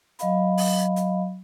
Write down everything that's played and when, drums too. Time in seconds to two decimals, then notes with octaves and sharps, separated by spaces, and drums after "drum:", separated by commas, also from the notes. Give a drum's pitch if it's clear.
0.19 F#3 D#5 F5 B5, drum: hi-hat
0.58 drum: open hi-hat
0.96 drum: hi-hat